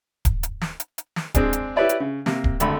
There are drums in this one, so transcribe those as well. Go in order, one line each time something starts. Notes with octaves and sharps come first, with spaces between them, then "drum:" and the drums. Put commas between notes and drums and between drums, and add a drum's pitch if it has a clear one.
drum: kick D1, hi-hat
drum: hi-hat
drum: snare
drum: hi-hat
drum: hi-hat
drum: snare
G#3 C4 D4 G#4, drum: kick D1, hi-hat
drum: hi-hat
E4 G4 B4 C#5 D5 E5
drum: hi-hat
C#3
C3 A#3, drum: snare
drum: kick D1
G#1 D3 A3 B5, drum: hi-hat